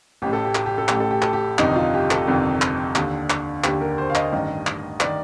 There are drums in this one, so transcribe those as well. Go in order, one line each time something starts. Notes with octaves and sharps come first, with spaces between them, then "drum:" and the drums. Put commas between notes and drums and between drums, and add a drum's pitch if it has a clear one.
A1 A2 G4
A4
G4
A4, drum: clap
G4
A4
A1 A2 G4, drum: clap
A4
G4
A4, drum: clap
G4
G1 F2 C3 D#3 D#4, drum: clap
F4
G4
A4, drum: clap
G1 F2 C3 D#3
drum: clap
D#2 D3, drum: clap
drum: clap
D#2 D3 G4, drum: clap
A#4
C5
F5
D#5, drum: clap
A1 G2 D#3
drum: clap
D#3 D5, drum: clap